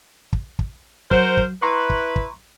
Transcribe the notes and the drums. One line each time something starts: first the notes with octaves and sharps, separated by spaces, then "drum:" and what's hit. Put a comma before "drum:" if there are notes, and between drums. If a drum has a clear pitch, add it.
drum: kick
drum: kick
F#3 F#4 A#4 C5, drum: kick
drum: kick
E4 B4 A#5 C6 C#6
drum: kick
drum: kick